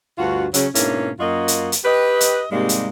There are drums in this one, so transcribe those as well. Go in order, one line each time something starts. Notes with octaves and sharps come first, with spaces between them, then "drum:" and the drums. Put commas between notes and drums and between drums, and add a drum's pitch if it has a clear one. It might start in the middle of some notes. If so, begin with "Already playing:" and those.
D2 G2 F4 F#4
C#3 F#3 C#4, drum: hi-hat
G#2 B2 A#3 C#4 D4 E4, drum: hi-hat
F#2 A#3 F4 F#4 D#5
drum: hi-hat
drum: hi-hat
G4 B4 D#5
drum: hi-hat
G#2 C3 G3 G#3 A#3
drum: hi-hat